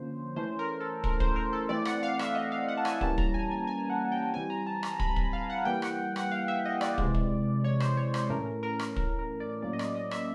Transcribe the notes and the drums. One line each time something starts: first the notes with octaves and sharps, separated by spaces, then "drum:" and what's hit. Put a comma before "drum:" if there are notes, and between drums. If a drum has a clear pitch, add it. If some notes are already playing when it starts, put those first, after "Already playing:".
Already playing: D3 F3 A#3 C#4 C5
E3 A3 C#4 C5
A#4
A4
A#4, drum: kick
C5, drum: kick
A#4
A4
E3 A3 C4 D5
F#5, drum: rim click
F5
E5, drum: rim click
D#5
F5
F#5
A5
G#5, drum: rim click
E3 G3 A#3 C#4 A5, drum: kick
A#5, drum: kick
G#5
G#5
G#5
F#5
G5
E3 G3 C4 G#5
A#5
A5
A#5, drum: rim click
B5, drum: kick
B5, drum: kick
F5
F#5
E3 G3 A#3 G5
F#5, drum: rim click
F#5, drum: rim click
F5
E5
D#5
D5, drum: rim click
C3 E3 G#3, drum: kick
drum: kick
C#5
C5, drum: rim click
C#5
C5, drum: rim click
A2 E3 A3 C#4 A#4
A#4
A#4
A#4, drum: rim click
A#4, drum: kick
A#4
D5
A2 F#3 A#3 C#4 D5
D#5
D5, drum: rim click
D#5
E5, drum: rim click